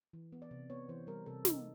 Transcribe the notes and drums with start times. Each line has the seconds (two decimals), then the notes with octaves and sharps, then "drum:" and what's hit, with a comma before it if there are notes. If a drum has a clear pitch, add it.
0.13 E3
0.32 B3
0.42 D5
0.51 C3
0.70 B3 C#5
0.89 E3 C5
1.07 G3 A#4
1.26 C3 A4
1.45 C3 D#4, drum: snare